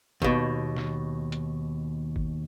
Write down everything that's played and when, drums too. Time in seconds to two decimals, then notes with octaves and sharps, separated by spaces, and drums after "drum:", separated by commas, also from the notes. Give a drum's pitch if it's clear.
0.22 D#2 B2, drum: kick
0.77 drum: snare
1.32 drum: hi-hat
2.16 drum: kick